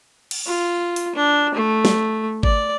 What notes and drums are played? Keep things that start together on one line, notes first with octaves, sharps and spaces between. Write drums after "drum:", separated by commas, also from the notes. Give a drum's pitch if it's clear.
drum: cymbal
F4
drum: open hi-hat
D4
A3
drum: snare
D5, drum: kick G#1